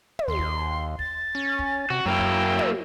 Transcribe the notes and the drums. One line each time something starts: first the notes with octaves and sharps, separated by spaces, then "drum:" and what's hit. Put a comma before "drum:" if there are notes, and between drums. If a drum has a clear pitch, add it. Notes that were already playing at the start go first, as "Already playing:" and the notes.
drum: tom
D#2 C6
drum: kick
A6, drum: kick
C#4
drum: kick
C3 F#4
F#2 F#3 A#3 E4 G5
drum: kick
drum: tom